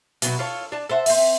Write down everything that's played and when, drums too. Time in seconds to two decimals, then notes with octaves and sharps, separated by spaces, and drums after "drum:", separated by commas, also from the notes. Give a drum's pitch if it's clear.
0.22 B2 D3 F#3, drum: hi-hat
0.39 F4 A4 C#5
0.72 D4 A5
0.89 A4 C5 E5 F#5
1.06 C4 E5, drum: open hi-hat